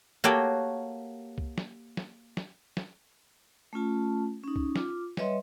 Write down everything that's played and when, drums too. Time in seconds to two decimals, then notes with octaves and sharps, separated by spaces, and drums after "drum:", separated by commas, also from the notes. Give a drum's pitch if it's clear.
0.24 A#3 F#4 G4 A4 C#5 G5
1.38 drum: kick C2
1.58 drum: snare
1.97 drum: snare
2.37 drum: snare
2.77 drum: snare
3.73 A3 C#4 F4 A5
4.44 C#4 D#4
4.56 drum: kick C2
4.76 F4 D6, drum: snare
5.17 G3 B4 C#5 D#5 E5 C6, drum: snare